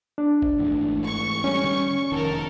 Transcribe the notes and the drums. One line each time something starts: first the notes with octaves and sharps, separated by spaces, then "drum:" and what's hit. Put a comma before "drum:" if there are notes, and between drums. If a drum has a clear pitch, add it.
D4
drum: kick G#1
G#2 E3 A3
C#6
G3 C#4
drum: tom D3
F1 D#3 A4 A#4